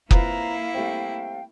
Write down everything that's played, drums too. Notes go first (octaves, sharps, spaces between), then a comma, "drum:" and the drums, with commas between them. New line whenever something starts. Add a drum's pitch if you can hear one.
A#3 C4 E4 F4 B4 F5 A#5, drum: kick
G3 A3 C4 G5